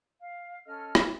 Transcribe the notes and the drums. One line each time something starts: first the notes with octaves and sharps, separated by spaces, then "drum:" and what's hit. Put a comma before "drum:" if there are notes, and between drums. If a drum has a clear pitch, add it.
F5
C#4 A4 D#5 F6
drum: rim click